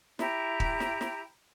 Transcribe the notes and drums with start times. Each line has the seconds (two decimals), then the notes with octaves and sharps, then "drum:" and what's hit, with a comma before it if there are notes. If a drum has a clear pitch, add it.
0.19 E4 G4 A#5, drum: snare
0.60 drum: kick
0.80 drum: snare
1.01 drum: snare